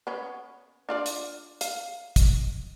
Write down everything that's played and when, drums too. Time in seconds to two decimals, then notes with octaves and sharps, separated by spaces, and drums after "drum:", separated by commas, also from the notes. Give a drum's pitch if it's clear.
0.07 B3 C#4
0.89 D4 F4 D5
1.06 drum: hi-hat
1.61 F5, drum: hi-hat
2.16 drum: kick, hi-hat